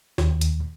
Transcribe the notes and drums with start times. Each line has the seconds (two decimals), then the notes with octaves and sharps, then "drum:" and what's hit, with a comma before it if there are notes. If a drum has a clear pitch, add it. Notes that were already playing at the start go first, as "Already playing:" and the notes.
0.18 D#2, drum: snare
0.41 drum: hi-hat